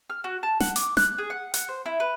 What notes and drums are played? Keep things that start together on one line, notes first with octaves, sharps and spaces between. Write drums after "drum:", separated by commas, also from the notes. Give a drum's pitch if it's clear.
F6
F#4
A5
F#5, drum: snare
D6, drum: hi-hat
F#6, drum: snare
G#4
F#5
F#5, drum: hi-hat
C5
E4
B4